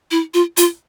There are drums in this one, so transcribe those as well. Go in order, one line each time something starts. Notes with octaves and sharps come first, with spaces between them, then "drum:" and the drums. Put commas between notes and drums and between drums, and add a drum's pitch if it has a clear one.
E4
F4
F4, drum: hi-hat